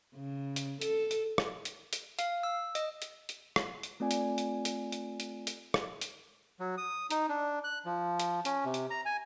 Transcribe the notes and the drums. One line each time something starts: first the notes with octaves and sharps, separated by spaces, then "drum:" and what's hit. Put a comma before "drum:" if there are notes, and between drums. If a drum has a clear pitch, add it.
C#3
drum: hi-hat
A4, drum: hi-hat
drum: hi-hat
drum: rim click
drum: hi-hat
drum: hi-hat
F5, drum: hi-hat
E6
D#5, drum: hi-hat
drum: hi-hat
drum: hi-hat
drum: rim click
drum: hi-hat
A3 C4 F4 D5 G#5
drum: hi-hat
drum: hi-hat
drum: hi-hat
drum: hi-hat
drum: hi-hat
drum: hi-hat
drum: rim click
drum: hi-hat
F#3
D#6
D#4, drum: hi-hat
D4
F#6
F3
drum: hi-hat
C#4, drum: hi-hat
C3
drum: hi-hat
A#5
G#5